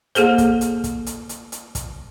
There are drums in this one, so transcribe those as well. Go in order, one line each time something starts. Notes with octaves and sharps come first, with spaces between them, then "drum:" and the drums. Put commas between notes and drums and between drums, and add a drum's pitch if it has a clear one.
A#3 G#4 A4 C5, drum: hi-hat
drum: kick, hi-hat
drum: hi-hat
drum: kick, hi-hat
drum: hi-hat
drum: hi-hat
drum: hi-hat
drum: kick, hi-hat